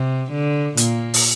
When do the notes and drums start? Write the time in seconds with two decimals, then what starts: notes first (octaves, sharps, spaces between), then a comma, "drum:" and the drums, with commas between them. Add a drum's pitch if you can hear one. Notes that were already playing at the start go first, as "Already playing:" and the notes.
Already playing: C3
0.32 D3
0.77 A#2 A#3, drum: hi-hat
1.14 drum: open hi-hat